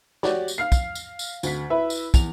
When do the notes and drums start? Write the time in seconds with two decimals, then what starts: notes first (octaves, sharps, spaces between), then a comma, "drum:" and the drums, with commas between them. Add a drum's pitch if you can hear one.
0.23 F#4 G4 C#5 D5, drum: snare
0.48 drum: tambourine
0.58 F5 F6 C7
0.72 drum: kick, tambourine
0.95 drum: tambourine
1.19 drum: tambourine
1.43 D2 B6, drum: tambourine
1.70 E4 B4 E5
1.90 drum: tambourine
2.14 E2 F7, drum: kick, tambourine